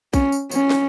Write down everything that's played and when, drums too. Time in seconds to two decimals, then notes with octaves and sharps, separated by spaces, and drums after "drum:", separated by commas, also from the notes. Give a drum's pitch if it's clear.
0.13 C#4, drum: kick A#1, tambourine
0.32 drum: tambourine
0.51 C#4, drum: tambourine
0.70 drum: snare